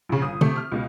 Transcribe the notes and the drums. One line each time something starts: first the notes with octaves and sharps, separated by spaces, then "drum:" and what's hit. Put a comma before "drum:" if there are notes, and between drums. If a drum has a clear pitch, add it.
A#1 C#3
G1 D#6
C3 A3, drum: tom
F6
C#2 B2